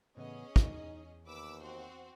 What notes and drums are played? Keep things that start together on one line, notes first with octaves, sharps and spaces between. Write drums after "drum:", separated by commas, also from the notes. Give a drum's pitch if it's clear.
A2 C#3 E3 B3 C#4 G#4 D#5
E2 D#4, drum: kick
D#2 B4 D6 E6
C4 F#4 C5